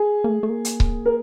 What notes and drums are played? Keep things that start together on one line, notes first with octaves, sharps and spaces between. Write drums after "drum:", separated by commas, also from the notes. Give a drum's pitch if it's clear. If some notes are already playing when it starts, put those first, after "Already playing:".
Already playing: G#4
A#3
A3
A3
A#3
drum: hi-hat
drum: kick C#1
A#4